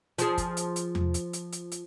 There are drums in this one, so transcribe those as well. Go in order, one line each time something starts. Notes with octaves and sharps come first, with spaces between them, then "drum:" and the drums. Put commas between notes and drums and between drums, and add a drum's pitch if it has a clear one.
F3 G#4, drum: hi-hat
drum: kick, hi-hat
drum: hi-hat
drum: hi-hat
drum: tom E2
drum: hi-hat
drum: hi-hat
drum: hi-hat
drum: hi-hat